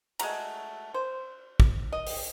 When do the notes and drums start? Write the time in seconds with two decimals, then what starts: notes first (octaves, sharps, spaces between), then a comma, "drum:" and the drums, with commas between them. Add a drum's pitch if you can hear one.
0.19 G#3 A3 F#4 A#5, drum: cymbal
0.94 C5
1.60 drum: kick
1.93 D#5
2.07 drum: open hi-hat